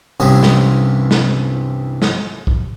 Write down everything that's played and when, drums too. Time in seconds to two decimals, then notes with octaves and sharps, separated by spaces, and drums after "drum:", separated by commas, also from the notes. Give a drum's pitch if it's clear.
0.20 C2 G2 E3 C4 C#4 D#6
0.43 drum: snare
1.11 drum: snare
2.02 drum: snare
2.47 drum: kick